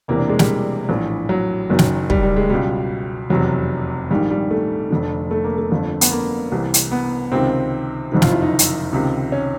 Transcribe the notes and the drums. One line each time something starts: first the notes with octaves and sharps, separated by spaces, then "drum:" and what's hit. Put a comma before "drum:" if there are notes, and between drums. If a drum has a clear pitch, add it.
E1 E2 C3 E3 A#3
D4
G#3
G3, drum: snare
A#1 A2 E3
F#3
F#1 F#2 D#3
drum: snare
G3, drum: kick
G3
G#3
C#2 B2 G3
F1 E2 C3 F#3
A#1 G#2 D#3 G3
G3
A3
F1 F2 D3
A3
A#3
A3
G1 F2 D3
B3, drum: hi-hat
A#3
C2 C3 E3
drum: hi-hat
B3
C#2 C3 D#3 C4
F#1 F2 C3 D#3
F4, drum: snare
E4
D#4
drum: hi-hat
C#2 C3 D#3
C#4